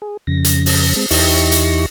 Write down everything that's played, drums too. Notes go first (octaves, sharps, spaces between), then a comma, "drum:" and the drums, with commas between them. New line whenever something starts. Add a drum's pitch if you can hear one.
G#4
F2 C#3 A#6
drum: hi-hat
drum: open hi-hat
G#3 C4
E2 D#4 E4 G4 C#6 A#6, drum: open hi-hat
drum: hi-hat